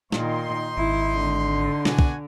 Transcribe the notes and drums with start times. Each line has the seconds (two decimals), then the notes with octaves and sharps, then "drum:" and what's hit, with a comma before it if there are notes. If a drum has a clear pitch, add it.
0.12 A#2 D#3 D#4 C6, drum: snare
0.77 G#1 E4
1.14 D3
1.85 B2 D4 F#4 G#5, drum: snare
1.99 drum: kick